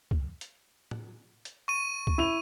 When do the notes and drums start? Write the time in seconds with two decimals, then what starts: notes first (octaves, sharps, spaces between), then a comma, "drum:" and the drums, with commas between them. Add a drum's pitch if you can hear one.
0.11 drum: kick
0.41 drum: hi-hat
0.91 drum: tom
1.45 drum: hi-hat
1.68 C#6 D#7
2.07 drum: kick
2.18 E4 F7